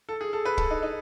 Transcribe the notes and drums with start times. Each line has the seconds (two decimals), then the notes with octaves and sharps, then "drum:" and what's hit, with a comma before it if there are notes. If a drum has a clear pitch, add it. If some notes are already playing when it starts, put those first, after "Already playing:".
0.09 A4
0.21 G#4
0.33 A4
0.45 B4
0.58 A4, drum: kick
0.71 D#4
0.83 D#4